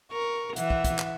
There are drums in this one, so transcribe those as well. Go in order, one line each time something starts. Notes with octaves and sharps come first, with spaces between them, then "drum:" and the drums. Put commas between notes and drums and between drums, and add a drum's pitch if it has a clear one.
A#4 C#6
E3 E5 F#5, drum: hi-hat
drum: kick
drum: kick, hi-hat
drum: clap